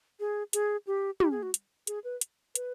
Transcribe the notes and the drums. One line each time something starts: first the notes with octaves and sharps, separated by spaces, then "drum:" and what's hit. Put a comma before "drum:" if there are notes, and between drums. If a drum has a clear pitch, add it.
G#4
G#4, drum: hi-hat
G4
G4, drum: tom
G#4
F#4
drum: hi-hat
G#4, drum: hi-hat
B4
drum: hi-hat
B4, drum: hi-hat